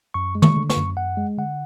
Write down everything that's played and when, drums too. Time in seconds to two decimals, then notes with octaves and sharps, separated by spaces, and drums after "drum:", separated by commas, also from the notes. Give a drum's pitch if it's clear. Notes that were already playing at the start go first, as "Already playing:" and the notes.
0.14 F#2 C#6
0.35 G#3
0.42 C#6, drum: tom
0.56 D3
0.70 C#6, drum: snare
0.77 F#2
0.97 F#2 F#5
1.17 G#3
1.38 D3 F#5